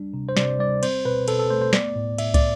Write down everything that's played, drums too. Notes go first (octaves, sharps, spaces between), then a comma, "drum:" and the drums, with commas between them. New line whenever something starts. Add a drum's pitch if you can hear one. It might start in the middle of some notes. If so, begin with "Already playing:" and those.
Already playing: G3 D4
C3
C5
C3 D5, drum: snare
G3 D5
C4 C5, drum: cymbal
B2 B4
B2 A4, drum: cymbal
A4
A3 C5
C5
B3 D5, drum: snare
A2
A2 E5, drum: cymbal
D5, drum: kick, cymbal